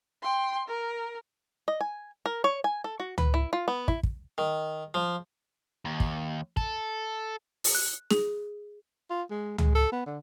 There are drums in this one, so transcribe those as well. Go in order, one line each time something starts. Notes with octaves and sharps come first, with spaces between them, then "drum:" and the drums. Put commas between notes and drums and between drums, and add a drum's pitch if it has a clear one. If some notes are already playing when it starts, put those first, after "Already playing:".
G5 C6
A#4
D#5
G#5
A#4
C#5
G#5
A4
F#4
B4, drum: tom C#2
E4
F4
B3
E4, drum: kick
drum: kick
D#3
F3
D#2
drum: kick
A4, drum: kick
drum: open hi-hat
F#6
G#4, drum: snare
F4
G#3
G#3, drum: tom C#2
A4
B3
D3